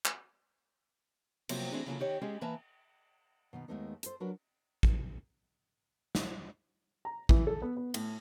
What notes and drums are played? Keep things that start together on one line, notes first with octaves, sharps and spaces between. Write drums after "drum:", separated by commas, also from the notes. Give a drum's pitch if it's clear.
drum: clap
C3 F3 F#3 A#3 C4, drum: cymbal
E3 A3 C4 D4 F#4 G#4
C#3 E3 F#3 A#3 F4 A4
D#3 G4 C#5
G#3 C#4 G4 G#4
E3 A#3 B4 E5 A5 A#5
B2 D#3 B3
D#2 A#2 G#3 A3 B3 D#4
A4 C5, drum: hi-hat
F#3 D4 F#4 A#4 B4
drum: kick
drum: snare
A#5
E3, drum: kick
A4
B3
B3
A2, drum: cymbal